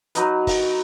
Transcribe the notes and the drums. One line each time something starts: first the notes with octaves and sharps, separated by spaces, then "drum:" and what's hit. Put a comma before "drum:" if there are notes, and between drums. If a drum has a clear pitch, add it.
F#3 D#4 B4, drum: hi-hat
drum: kick, open hi-hat